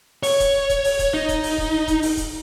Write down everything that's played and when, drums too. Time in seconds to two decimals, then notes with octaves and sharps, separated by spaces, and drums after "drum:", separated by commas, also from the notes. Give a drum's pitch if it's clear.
0.23 C#5, drum: open hi-hat
0.40 drum: kick D#1, hi-hat
0.69 drum: kick D#1, hi-hat
0.84 drum: open hi-hat
0.99 drum: kick D#1, hi-hat
1.14 D#4
1.29 drum: kick D#1, hi-hat
1.43 drum: open hi-hat
1.58 drum: kick D#1
1.88 drum: kick D#1, hi-hat
2.02 drum: open hi-hat
2.17 drum: kick D#1, hi-hat